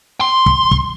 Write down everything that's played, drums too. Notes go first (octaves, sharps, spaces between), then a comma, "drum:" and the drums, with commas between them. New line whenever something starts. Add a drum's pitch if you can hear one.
C6
drum: kick
drum: kick